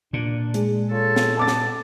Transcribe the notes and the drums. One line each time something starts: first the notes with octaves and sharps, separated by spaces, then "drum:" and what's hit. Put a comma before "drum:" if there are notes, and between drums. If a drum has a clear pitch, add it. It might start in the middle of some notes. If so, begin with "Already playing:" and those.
A#2 D4
G#3, drum: hi-hat
F4 A4 C#5
drum: snare
B3 A5 D6 A6
drum: snare